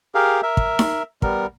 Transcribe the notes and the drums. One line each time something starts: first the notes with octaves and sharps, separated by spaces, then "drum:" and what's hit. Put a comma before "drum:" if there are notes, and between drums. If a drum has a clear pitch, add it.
G4 G#4 A#4 F5
A#4 E5
drum: kick
drum: snare D#4
G3 B3 A#4, drum: kick